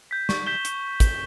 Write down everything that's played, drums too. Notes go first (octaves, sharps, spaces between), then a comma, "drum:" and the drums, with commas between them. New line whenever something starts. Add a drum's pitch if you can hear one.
G6 B6
C#6, drum: snare
G6 B6 E7 G7
drum: hi-hat
drum: kick, hi-hat